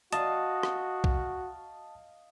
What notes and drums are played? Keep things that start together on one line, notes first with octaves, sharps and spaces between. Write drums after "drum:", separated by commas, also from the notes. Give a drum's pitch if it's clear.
F#4 D#5 F5 A5, drum: hi-hat
drum: rim click
drum: kick